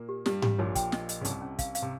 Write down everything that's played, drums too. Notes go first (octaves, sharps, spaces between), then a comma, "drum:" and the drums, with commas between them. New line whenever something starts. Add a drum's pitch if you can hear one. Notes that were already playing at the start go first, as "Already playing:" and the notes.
Already playing: A#2 A#3
G4
G2 G3 G4, drum: snare
G4, drum: tom G#2
A#1 A#2 C#5
G5, drum: kick, hi-hat
D#5, drum: snare
D#5, drum: hi-hat
C#3
C2 C3 C#4, drum: hi-hat
C#4
F5, drum: kick, hi-hat
F5, drum: hi-hat
C3